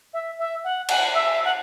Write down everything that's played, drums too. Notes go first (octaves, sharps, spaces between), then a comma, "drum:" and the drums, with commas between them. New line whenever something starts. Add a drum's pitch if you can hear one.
E5
E5
F#5
F#5, drum: cymbal
E5
F#5